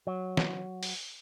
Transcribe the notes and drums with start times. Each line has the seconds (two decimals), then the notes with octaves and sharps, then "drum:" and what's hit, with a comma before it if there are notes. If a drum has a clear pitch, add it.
0.07 F#3
0.37 drum: snare
0.83 drum: open hi-hat